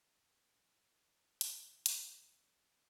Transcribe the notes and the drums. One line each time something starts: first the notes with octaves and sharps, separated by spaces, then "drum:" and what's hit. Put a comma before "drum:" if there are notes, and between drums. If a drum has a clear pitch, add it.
F#2
G#3 C#4
G#2
drum: hi-hat
E3
drum: hi-hat
F1 E2 C4